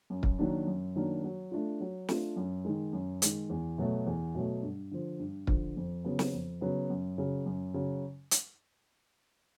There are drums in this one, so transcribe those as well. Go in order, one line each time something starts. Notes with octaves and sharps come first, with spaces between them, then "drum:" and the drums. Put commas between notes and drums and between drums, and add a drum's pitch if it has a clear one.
F#2
drum: kick
D#3 F#3 A#3 D4
F#2
D#3 F#3 A#3 D4
F#3
A3 D4 F4
F#3
A3 D4 F4, drum: snare
F#2
D#3 G#3
F#2
D#3 G#3, drum: hi-hat
E2
B2 F#3 A3
E2
B2 F#3 A3
G2
D3 F3
G2
D3 F3, drum: kick
F2
C#3 F#3 B3
drum: snare
F2
C#3 F#3 B3
F#2
C#3 F#3
F#2
C#3 F#3
drum: hi-hat